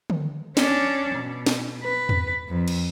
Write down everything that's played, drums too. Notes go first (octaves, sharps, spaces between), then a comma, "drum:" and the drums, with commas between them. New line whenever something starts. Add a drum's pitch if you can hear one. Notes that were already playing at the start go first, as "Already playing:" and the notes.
drum: tom D3
C#4 D4, drum: snare
B2
drum: snare
B4
drum: tom E2
F2
drum: cymbal